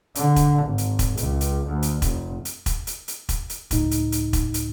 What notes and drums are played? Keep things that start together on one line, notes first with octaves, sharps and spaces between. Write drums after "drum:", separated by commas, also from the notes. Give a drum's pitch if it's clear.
D3, drum: hi-hat
drum: kick E1, hi-hat
G#1
drum: hi-hat
drum: kick E1, hi-hat
C#2, drum: hi-hat
drum: hi-hat
D2
drum: hi-hat
F1, drum: kick E1, hi-hat
drum: hi-hat
drum: kick E1, hi-hat
drum: hi-hat
drum: hi-hat
drum: kick E1, hi-hat
drum: hi-hat
C#2 A2 D#4, drum: kick E1, hi-hat
drum: hi-hat
drum: hi-hat
drum: kick E1, hi-hat
drum: hi-hat